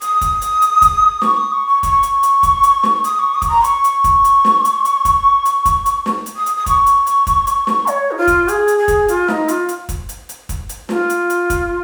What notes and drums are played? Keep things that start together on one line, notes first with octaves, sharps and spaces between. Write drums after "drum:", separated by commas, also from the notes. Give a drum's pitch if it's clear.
D#6, drum: hi-hat
drum: kick, hi-hat
drum: hi-hat
drum: hi-hat
drum: kick, hi-hat
C#6, drum: snare
D#6
C#6
C#6
C#6, drum: kick, hi-hat
drum: hi-hat
drum: hi-hat
drum: kick, hi-hat
drum: hi-hat
drum: snare
D#6, drum: hi-hat
C#6
D#6
C#6, drum: kick, hi-hat
A#5
C#6, drum: hi-hat
drum: hi-hat
drum: kick, hi-hat
drum: hi-hat
drum: snare
drum: hi-hat
drum: hi-hat
drum: kick, hi-hat
drum: hi-hat
drum: kick, hi-hat
drum: hi-hat
drum: snare
drum: hi-hat
D#6
drum: hi-hat
D#6
C#6, drum: kick, hi-hat
drum: hi-hat
drum: hi-hat
drum: kick, hi-hat
drum: hi-hat
drum: snare
C#5, drum: hi-hat
D#4
F4
drum: kick, hi-hat
G#4, drum: hi-hat
drum: hi-hat
G#4
drum: kick, hi-hat
F4, drum: hi-hat
D#4, drum: snare
F4, drum: hi-hat
drum: hi-hat
drum: kick, hi-hat
drum: hi-hat
drum: hi-hat
drum: kick, hi-hat
drum: hi-hat
F4, drum: snare
drum: hi-hat
drum: hi-hat
drum: kick, hi-hat